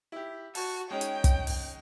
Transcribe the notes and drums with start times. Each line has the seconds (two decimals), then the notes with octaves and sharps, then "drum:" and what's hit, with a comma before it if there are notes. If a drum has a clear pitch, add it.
0.12 E4 G4
0.55 F#4 A5, drum: open hi-hat
0.91 G#3 C#4 D#4 C#5 G5
1.01 drum: hi-hat
1.24 drum: kick, hi-hat
1.47 drum: open hi-hat